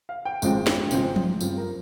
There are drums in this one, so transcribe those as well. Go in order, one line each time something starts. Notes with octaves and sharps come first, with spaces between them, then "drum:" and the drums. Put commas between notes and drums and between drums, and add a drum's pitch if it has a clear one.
F5
G5
G#1 G#2 F3 G#3 C4, drum: tambourine
drum: snare
G#1 G#2 F3 G#3 C4, drum: tambourine
drum: tom F3
G2 F3 C4, drum: tambourine
A#4